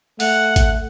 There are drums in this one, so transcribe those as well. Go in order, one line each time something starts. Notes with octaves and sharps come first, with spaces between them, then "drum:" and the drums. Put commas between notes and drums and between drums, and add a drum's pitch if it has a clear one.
A3 F#5, drum: open hi-hat
drum: kick, hi-hat